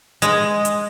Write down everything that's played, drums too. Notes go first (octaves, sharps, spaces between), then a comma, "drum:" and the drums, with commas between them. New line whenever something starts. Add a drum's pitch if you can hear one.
G#3, drum: hi-hat
drum: hi-hat